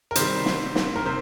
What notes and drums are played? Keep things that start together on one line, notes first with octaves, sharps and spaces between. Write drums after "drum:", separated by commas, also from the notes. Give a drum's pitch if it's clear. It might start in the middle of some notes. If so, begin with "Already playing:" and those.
A#4
C3 D#3 G3 C5, drum: hi-hat
drum: snare
drum: snare
A#4
C3 C5